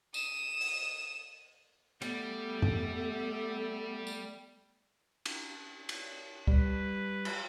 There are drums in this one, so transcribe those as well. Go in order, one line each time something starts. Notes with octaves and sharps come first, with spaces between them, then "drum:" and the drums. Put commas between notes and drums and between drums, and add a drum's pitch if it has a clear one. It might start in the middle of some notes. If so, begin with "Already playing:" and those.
D#6 E7, drum: tambourine
drum: open hi-hat
G3 A3 B3, drum: hi-hat
drum: tom F2
drum: tambourine
drum: cymbal
drum: cymbal
G3 B4, drum: kick
drum: cymbal